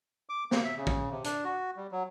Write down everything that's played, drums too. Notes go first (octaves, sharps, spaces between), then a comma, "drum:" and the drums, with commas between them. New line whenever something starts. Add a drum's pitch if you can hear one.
D6
A#3, drum: snare
E5
C#3
drum: kick
C3
D4, drum: hi-hat
F#4
G3
F#3